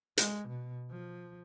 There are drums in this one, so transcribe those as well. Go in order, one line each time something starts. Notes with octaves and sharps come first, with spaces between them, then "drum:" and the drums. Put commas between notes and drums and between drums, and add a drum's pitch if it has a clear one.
G#3, drum: hi-hat
B2
F3